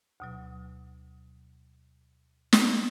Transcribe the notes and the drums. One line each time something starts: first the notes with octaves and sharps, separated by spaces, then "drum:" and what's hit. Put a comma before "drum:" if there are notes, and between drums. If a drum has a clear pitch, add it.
D2 B2 F#3
drum: snare